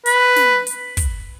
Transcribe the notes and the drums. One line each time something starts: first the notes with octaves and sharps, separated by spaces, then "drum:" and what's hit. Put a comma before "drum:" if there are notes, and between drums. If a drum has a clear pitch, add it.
B4, drum: hi-hat
drum: snare
drum: hi-hat
drum: kick, hi-hat